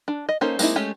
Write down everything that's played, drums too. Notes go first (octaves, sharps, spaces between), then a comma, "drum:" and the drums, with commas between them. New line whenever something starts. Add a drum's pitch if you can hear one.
D4
D#5
A#3 C#4 D#4 A4 C5
G#3 A#3 C4 D#4 E4, drum: tambourine
G#3 A3 C#4 G4